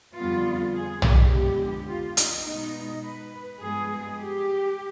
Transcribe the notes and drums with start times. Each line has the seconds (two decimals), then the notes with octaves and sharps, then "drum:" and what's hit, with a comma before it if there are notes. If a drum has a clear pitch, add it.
0.16 F2 D3 G3 B3 F4
0.73 G#4
1.02 G4, drum: tom
1.31 F2 D3 G#3 B3 G4
1.88 F4
2.17 D#4, drum: hi-hat
2.45 B2 G#3 B3 D#4
3.02 B4
3.60 G2 F3 G#3 B3 G#4
4.17 G4